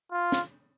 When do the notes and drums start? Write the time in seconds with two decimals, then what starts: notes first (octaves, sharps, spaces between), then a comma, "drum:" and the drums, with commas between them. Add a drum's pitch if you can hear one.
0.12 F4
0.32 drum: snare